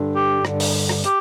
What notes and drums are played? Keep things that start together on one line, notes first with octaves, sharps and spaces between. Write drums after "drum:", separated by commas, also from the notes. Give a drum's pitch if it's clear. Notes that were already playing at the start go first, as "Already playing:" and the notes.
Already playing: G2 D3
G4
G2 D3, drum: rim click
drum: open hi-hat
drum: rim click
G4, drum: hi-hat